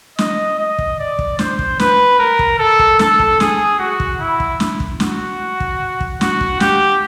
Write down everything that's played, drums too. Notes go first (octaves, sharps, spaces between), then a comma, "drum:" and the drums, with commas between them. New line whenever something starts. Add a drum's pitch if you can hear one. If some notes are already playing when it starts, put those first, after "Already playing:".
D#5, drum: snare
D#5
drum: kick
D5
drum: kick
C5, drum: snare
drum: kick
B4, drum: snare
A#4
drum: kick
A4
drum: kick
A4, drum: snare
drum: kick
G#4, drum: snare
F#4
drum: kick
E4
drum: kick
drum: snare
drum: kick
F#4, drum: snare
drum: kick
drum: kick
F#4, drum: snare
drum: kick
G4, drum: snare